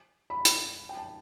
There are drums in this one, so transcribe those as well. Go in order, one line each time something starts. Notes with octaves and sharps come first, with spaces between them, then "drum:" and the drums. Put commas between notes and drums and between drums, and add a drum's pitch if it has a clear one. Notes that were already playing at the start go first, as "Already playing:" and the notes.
B5
drum: hi-hat
G5
A5